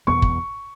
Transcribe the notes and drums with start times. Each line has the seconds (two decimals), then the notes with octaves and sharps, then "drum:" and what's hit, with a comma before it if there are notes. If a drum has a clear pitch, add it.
0.07 E2 B2 G3 B3 C#6
0.22 drum: kick